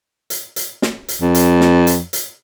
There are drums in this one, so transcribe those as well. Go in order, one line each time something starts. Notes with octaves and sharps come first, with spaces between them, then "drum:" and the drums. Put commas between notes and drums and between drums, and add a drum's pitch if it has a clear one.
drum: hi-hat
drum: hi-hat
drum: snare
drum: hi-hat
F2
drum: hi-hat
drum: snare
drum: hi-hat
drum: hi-hat